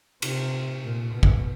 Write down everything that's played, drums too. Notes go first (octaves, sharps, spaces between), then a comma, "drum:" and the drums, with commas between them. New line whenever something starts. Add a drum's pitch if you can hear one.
C3, drum: cymbal
A#2
B2
drum: kick